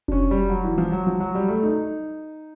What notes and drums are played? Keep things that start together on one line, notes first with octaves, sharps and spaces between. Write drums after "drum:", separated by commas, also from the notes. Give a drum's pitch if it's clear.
D4, drum: kick F1
C#4
G3
F#3
E3
F3
F#3
F3
F#3
G3
A3
D#4